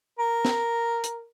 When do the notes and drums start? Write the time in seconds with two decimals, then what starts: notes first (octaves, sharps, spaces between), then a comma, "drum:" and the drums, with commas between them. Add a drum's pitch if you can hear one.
0.19 A#4
0.45 drum: snare
1.04 drum: hi-hat